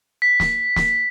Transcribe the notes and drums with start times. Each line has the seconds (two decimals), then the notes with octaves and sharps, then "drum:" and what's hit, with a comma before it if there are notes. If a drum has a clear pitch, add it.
0.22 B6
0.40 drum: snare
0.76 drum: snare